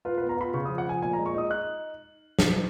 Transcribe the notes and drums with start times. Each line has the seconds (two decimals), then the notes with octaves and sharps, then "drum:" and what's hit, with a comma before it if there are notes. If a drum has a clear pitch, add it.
0.05 F4 B4
0.18 B3 B4
0.29 A#5
0.37 F4 B5
0.54 C#3 C#6
0.65 D#6
0.69 F3
0.78 F#5
0.86 F3 G#5
1.02 A#2 G#5
1.13 A#5
1.18 G#3
1.26 C#6
1.34 D#4 D#6
1.50 D#4 F#6
2.39 drum: snare